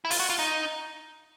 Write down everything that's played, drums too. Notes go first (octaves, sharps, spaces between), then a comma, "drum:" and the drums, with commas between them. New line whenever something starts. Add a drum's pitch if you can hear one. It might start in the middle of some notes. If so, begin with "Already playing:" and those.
E4
F4, drum: open hi-hat
F#4
F4
D#4